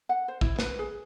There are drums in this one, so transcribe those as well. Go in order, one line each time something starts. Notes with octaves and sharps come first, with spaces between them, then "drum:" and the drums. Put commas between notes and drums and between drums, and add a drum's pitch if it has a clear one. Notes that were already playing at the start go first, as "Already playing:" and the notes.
F#5
C5
E4, drum: kick
B4, drum: snare
G#4